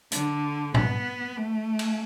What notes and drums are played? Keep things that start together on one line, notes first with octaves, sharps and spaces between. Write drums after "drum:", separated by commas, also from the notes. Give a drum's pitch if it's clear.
D3, drum: hi-hat
B3, drum: tom G#2
A3
drum: cymbal